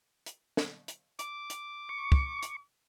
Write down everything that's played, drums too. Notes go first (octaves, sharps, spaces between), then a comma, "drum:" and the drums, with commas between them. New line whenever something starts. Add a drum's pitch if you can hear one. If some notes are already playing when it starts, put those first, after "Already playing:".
drum: hi-hat
drum: snare
drum: hi-hat
D6, drum: hi-hat
drum: hi-hat
C#6
drum: kick
drum: hi-hat